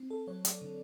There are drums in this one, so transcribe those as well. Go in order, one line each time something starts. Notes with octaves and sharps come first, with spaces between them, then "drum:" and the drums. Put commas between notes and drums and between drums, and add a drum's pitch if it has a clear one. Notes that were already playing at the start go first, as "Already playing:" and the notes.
Already playing: C4
A4
F#3 C#5
D5, drum: hi-hat
D3